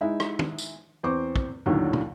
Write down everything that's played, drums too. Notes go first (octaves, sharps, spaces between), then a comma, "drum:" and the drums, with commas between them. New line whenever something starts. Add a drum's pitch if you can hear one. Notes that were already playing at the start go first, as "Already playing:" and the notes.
G#3 D#4 E4 E5
drum: rim click
drum: tom
drum: tambourine
E2 C4 C5 C#6 D6
drum: kick
A#1 D#2 A2 D3 D#3 F#3
drum: tom